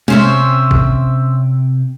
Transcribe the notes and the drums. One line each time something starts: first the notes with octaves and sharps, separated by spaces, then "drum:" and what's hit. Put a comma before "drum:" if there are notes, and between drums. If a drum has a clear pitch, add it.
C3 C4 C#4 C5 E5, drum: tom G#3
drum: kick